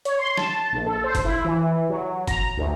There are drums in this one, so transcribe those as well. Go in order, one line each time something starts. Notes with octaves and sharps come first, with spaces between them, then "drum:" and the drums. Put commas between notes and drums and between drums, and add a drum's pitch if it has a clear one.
C#5, drum: hi-hat
C6
A5, drum: snare
A#1
A4
C5
drum: kick, hi-hat
E4
E3
F#3
A#5, drum: kick, hi-hat
D2